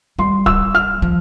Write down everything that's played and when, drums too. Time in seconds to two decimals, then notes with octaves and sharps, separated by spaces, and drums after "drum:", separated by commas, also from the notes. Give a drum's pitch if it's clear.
0.19 G3 C6
0.46 E6, drum: kick
0.75 F6
1.02 F3